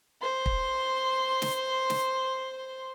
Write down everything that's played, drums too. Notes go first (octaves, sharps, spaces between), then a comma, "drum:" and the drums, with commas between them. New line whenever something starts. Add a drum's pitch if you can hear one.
C5 C6
drum: kick
drum: snare
drum: snare